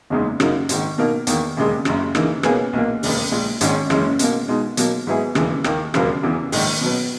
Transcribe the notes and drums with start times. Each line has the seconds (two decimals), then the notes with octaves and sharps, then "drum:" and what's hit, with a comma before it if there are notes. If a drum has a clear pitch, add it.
0.10 F#1 E2 C#3 G#3 D#4
0.40 F#2 C#3 F#3 A#3 D#4, drum: rim click
0.69 G#1 G#2 D#3, drum: hi-hat
0.98 B2 A#3 D#4 A#4
1.27 E2 D#3 A#3, drum: hi-hat
1.57 E1 D#2 C#3 G#3
1.85 F#1 F#2 C#3, drum: rim click
2.15 C#3 E3 A#3 D#4, drum: rim click
2.43 B2 A#3 C#4 G#4 B4, drum: rim click
2.73 B1 A#2 A#3
3.03 E1 D#2 C#3, drum: open hi-hat
3.31 A#1 A#2 G#3
3.61 G#1 G#2 D#3 G#3 C#4, drum: hi-hat
3.90 F#1 F#2 E3 G#3 C#4, drum: rim click
4.19 B1 B2 A#3, drum: hi-hat
4.48 B2 G#3 D#4
4.77 B2 F#3 A#3, drum: hi-hat
5.07 G#2 F#3 B3 E4 G#4
5.35 E1 D#2 C#3 E3, drum: rim click
5.64 D#2 D#3 A#3, drum: rim click
5.94 E1 D#2 C#3 F#3 A#3, drum: rim click
6.23 E2 C#3 E3
6.52 A#1 G#2 D#3, drum: open hi-hat
6.81 B2 F#3 B3